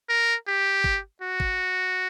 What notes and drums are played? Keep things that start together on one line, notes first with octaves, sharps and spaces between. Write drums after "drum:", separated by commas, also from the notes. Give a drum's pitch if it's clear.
A#4
G4
drum: kick
F#4
drum: kick